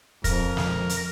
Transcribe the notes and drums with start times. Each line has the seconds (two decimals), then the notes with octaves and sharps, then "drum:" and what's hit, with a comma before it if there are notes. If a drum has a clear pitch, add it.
0.24 F2 A#4, drum: kick, hi-hat
0.57 drum: snare
0.89 drum: hi-hat